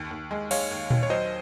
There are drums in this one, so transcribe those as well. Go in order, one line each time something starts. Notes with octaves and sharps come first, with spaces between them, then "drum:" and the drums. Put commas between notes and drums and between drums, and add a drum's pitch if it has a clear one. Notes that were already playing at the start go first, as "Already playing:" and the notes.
Already playing: D#2
D#2
G#3
G#3 C#5 F5, drum: cymbal
D#2
D#2, drum: tom A#2
C#5
F#3 C5 D#5